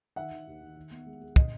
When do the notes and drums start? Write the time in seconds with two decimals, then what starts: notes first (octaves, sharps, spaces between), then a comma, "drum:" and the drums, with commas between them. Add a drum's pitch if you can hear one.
0.16 D#3 E5 F#5
0.31 D#3
0.47 D#2
0.61 D#3
0.77 D#3
0.91 B3
1.06 G#3
1.21 G#3
1.36 D3 D#5, drum: kick